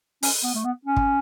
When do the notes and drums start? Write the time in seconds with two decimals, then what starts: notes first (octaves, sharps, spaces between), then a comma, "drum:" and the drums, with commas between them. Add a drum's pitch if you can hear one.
0.23 C#4, drum: open hi-hat
0.43 B3
0.55 A3
0.65 B3
0.85 C#4
0.97 drum: kick